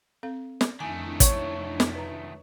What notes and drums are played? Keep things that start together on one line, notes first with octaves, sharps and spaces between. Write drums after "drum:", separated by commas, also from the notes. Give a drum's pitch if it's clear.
C4 A4 F5
drum: snare
F2 D#3 A3 D4 E4 G#5 D6
C#5 C#6, drum: kick, hi-hat
drum: snare
B4 A#5